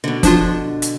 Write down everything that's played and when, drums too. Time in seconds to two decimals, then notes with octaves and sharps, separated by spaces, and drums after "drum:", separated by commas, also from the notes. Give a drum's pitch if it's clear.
0.04 B2 D3
0.23 F3 D4 F4, drum: kick, hi-hat
0.82 drum: hi-hat